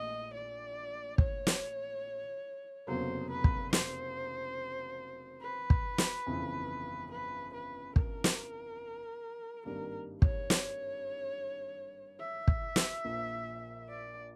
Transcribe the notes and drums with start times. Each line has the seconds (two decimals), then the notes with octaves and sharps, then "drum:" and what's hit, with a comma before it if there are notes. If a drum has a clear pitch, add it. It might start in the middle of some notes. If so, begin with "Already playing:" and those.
Already playing: A#1 A#2 A3 D#5
0.34 D5
1.18 C#5, drum: kick
1.47 drum: snare
2.87 F1 E2 C#3 F#3 A#3 C5
3.30 B4
3.44 drum: kick
3.73 C5, drum: snare
5.41 B4
5.70 drum: kick
5.98 drum: snare
6.27 G1 F2 C#3 E3
7.11 B4
7.54 B4
7.96 A#4, drum: kick
8.24 drum: snare
9.65 G#1 G2 D#3 G3 A#3 A#4
10.22 C#5, drum: kick
10.50 drum: snare
12.19 E5
12.48 drum: kick
12.76 drum: snare
13.04 A#1 A#2 F3 A#3
13.89 D5